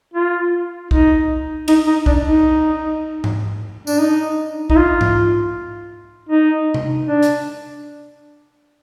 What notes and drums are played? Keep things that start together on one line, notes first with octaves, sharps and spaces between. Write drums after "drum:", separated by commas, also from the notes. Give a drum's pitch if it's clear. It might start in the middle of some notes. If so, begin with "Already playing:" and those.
F4
D#4, drum: kick B1
D#4, drum: cymbal
D#4
D4, drum: kick B1
D#4
drum: tom G#2
D4, drum: tambourine
D#4
D#4, drum: kick B1
F4
drum: tom G#2
D#4
drum: tom C3
D4
drum: hi-hat